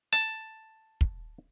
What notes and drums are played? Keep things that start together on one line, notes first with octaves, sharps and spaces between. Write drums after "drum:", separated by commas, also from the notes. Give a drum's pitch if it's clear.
A5, drum: hi-hat
drum: kick